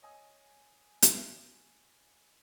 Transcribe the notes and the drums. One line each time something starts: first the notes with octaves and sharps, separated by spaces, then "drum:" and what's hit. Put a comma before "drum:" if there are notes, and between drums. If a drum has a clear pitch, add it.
C#5 D#5 G#5 D#6 E6
drum: hi-hat